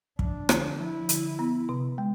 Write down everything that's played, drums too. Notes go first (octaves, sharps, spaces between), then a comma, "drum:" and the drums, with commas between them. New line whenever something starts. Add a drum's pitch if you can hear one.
F3 D4, drum: kick
D3, drum: rim click
F3 E4
D3, drum: hi-hat
B3
C3
G#3